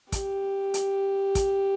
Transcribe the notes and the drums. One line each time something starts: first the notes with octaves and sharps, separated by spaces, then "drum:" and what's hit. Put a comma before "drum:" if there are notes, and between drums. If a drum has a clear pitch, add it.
G4, drum: kick, hi-hat
drum: hi-hat
drum: kick, hi-hat